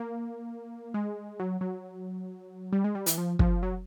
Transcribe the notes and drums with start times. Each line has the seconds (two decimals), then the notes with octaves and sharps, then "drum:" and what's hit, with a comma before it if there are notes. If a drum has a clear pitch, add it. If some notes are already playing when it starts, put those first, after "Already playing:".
Already playing: A#3
0.94 G#3
1.40 F#3
1.61 F#3
2.73 G3
2.84 G#3
2.95 G3
3.06 E3, drum: hi-hat
3.18 F3
3.39 F3, drum: kick
3.63 F#3